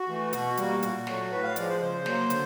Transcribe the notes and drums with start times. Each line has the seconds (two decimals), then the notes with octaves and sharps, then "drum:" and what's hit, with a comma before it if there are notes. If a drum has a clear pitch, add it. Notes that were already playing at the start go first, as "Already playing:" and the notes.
Already playing: F#4
0.08 E3 A3
0.33 B2 F#4, drum: hi-hat
0.57 G3 A#3, drum: hi-hat
0.83 A#2, drum: hi-hat
1.07 F#3 A3, drum: snare
1.32 A2 B4
1.43 F5
1.56 F3 G#3 D5, drum: hi-hat
1.69 C5
1.81 C#3 C5
2.06 F#3 A#3, drum: snare
2.30 D3, drum: hi-hat